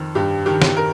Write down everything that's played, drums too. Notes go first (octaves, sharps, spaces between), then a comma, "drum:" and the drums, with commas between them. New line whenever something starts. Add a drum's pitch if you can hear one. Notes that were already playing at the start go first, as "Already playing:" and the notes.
Already playing: F2 D#3
G2 G4
D#3 G4
drum: snare
A#4